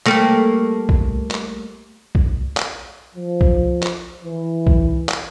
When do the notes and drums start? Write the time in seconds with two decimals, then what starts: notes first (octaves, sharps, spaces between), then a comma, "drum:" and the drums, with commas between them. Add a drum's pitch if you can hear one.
0.06 G3 A3 A#3, drum: clap
0.89 drum: kick A#1
1.31 drum: clap
2.15 drum: kick A#1
2.57 drum: clap
3.15 F3
3.41 drum: kick A#1
3.83 drum: clap
4.25 E3
4.67 drum: kick A#1
5.09 drum: clap